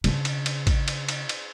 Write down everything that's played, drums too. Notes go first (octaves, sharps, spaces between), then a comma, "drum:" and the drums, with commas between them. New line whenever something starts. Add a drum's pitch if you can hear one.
C#3 D4, drum: cymbal
drum: cymbal
drum: cymbal
drum: kick, cymbal
drum: cymbal
drum: cymbal
drum: cymbal